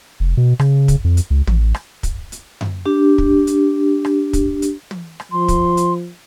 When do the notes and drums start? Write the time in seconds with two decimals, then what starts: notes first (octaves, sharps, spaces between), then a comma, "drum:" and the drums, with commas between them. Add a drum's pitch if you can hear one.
0.20 F1
0.37 B2
0.59 C#3, drum: rim click
0.88 drum: kick, hi-hat
1.04 F2
1.17 drum: hi-hat
1.30 C#2
1.47 A1, drum: tom
1.75 drum: rim click
2.03 drum: kick, hi-hat
2.32 drum: hi-hat
2.61 drum: tom F#2
2.86 D4 G4
3.18 drum: kick
3.47 drum: hi-hat
4.05 drum: rim click
4.33 drum: kick, hi-hat
4.62 drum: hi-hat
4.91 drum: tom
5.20 drum: rim click
5.32 F3 C6
5.48 drum: kick, hi-hat
5.77 drum: hi-hat